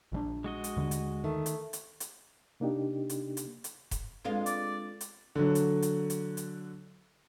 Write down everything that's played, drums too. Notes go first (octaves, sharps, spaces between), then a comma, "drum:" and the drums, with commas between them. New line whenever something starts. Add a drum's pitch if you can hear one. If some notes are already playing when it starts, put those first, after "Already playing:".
A#1 E3 D4
G#3 F#4 D#5
drum: hi-hat
D#2 D3
drum: hi-hat
D#3 A3
drum: hi-hat
drum: hi-hat
drum: hi-hat
C3 A#3 D4 D#4 G4
drum: hi-hat
drum: hi-hat
drum: hi-hat
drum: kick E1, hi-hat
G#3 C4 D4 F4 A4 B4
D5, drum: hi-hat
drum: hi-hat
D3 F#3
drum: hi-hat
drum: hi-hat
drum: hi-hat
drum: hi-hat